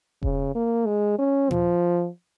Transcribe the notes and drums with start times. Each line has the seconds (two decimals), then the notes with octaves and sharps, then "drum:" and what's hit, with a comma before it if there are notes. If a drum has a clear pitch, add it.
0.23 C#3, drum: kick E1
0.55 A#3
0.86 G#3
1.19 C#4
1.51 F3, drum: tom A#2